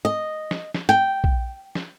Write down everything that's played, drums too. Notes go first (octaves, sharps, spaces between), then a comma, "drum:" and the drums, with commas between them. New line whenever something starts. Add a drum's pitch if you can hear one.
D#5
drum: snare
drum: snare
G5, drum: hi-hat
drum: kick
drum: snare